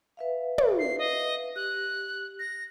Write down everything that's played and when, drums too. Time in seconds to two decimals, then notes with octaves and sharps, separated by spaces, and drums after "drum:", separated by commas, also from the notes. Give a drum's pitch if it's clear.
0.17 B4 E5 F5
0.58 drum: tom
0.79 C7
0.99 D#5
1.56 G4 F#6
2.39 A#6